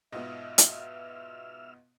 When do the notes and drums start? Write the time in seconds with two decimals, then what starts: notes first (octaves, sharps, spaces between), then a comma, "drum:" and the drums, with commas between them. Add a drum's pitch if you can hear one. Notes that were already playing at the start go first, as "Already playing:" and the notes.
0.12 G#2 B2 B3 F4 D#5 E5 E6 F6
0.58 drum: hi-hat